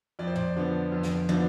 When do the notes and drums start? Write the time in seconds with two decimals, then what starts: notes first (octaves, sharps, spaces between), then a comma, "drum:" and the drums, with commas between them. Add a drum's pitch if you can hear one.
0.19 F2 D5
0.27 C5
0.35 D5, drum: tom
0.56 D3 F3 B3
0.92 F2
1.03 drum: snare
1.29 D3 F3 B3 D5, drum: tom